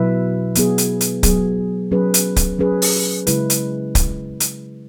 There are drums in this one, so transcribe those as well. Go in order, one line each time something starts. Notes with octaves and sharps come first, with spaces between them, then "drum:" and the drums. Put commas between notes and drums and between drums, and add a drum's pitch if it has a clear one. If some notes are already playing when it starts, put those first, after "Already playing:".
Already playing: B2 F#3 E4 B4 E5
F#3 B3 G#4, drum: hi-hat
drum: hi-hat
drum: hi-hat
F#3 B3 G#4, drum: kick C#1, hi-hat
F#3 C#4 G#4 B4
drum: hi-hat
drum: kick C#1, hi-hat
F#3 C#4 G#4 B4
drum: open hi-hat
C#3 G#3 E4 B4, drum: hi-hat
drum: hi-hat
drum: kick C#1, hi-hat
drum: hi-hat